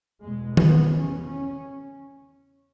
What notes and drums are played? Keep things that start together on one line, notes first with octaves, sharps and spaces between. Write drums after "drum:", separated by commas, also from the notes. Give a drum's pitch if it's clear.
E2 B2 G#3
B3, drum: tom D#3
E2 C#3 C#4
C#4